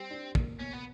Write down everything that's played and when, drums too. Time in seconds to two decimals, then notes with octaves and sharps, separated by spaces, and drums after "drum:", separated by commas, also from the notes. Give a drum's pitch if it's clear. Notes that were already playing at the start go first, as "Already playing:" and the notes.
Already playing: G3 C4
0.11 D4
0.35 A#3, drum: kick
0.59 B2 C#4
0.73 B3